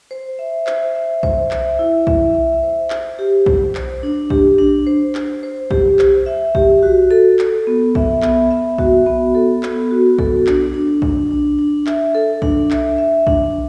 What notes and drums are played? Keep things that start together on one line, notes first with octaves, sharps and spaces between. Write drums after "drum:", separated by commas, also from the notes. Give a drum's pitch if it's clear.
C5
E5
C5, drum: clap
E5
C5, drum: kick
E5, drum: clap
E4
E5, drum: kick
E5
C5
C5, drum: clap
G4
C5, drum: kick
C5, drum: clap
D4
G4, drum: kick
D4
C5
C5, drum: clap
C5
G4, drum: kick
C5, drum: clap
E5
G4, drum: kick
F#4
A4
A4, drum: clap
B3
E5, drum: kick
B3, drum: clap
E5
F#4, drum: kick
B3
A4
B3, drum: clap
F#4
A4, drum: kick
D4, drum: clap
D4
D4, drum: kick
D4
D4
E5, drum: clap
A4
D4, drum: kick
E5, drum: clap
E5
D4, drum: kick